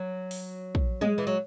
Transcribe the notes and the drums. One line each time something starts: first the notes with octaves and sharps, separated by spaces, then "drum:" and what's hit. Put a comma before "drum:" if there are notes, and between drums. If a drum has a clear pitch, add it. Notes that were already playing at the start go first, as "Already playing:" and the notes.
Already playing: F#3
drum: open hi-hat
drum: kick
G#3, drum: tom
E3
F#3